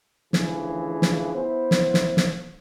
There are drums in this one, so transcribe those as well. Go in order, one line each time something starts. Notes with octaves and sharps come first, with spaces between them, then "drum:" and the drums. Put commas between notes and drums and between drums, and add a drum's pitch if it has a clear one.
D2 C#3 E3 F3 G#4, drum: snare
drum: snare
B3 E4 C5
drum: snare
drum: snare
drum: snare